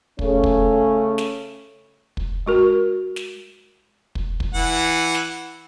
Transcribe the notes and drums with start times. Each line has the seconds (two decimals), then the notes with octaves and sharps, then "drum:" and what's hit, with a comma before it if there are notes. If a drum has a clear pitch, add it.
0.19 C#3 A3 C#4, drum: kick
0.44 drum: kick
1.18 drum: snare
2.17 drum: kick
2.46 G#3 F#4 A#4
3.16 drum: snare
4.15 drum: kick
4.40 drum: kick
4.54 E3 F#5
5.14 drum: snare